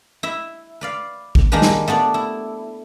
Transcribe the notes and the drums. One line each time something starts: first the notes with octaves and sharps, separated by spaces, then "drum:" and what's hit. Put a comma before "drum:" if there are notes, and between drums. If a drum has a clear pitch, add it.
E4 E5
B4 D5 F5
drum: kick A1
D#3 G#3 A#3 D4 G4 B4
drum: snare
A3 B3 D4 D5
E4